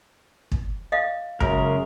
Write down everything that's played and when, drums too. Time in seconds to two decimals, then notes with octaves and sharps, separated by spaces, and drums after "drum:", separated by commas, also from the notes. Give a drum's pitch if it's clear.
0.52 drum: kick
0.92 D#5 F5
1.40 F#2 C#3 G#3 A#4, drum: kick